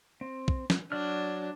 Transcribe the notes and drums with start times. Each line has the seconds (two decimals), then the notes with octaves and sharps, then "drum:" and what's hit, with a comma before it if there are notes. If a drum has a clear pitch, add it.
0.21 C4
0.48 drum: kick
0.70 drum: snare
0.92 F#3 D4 D5 F6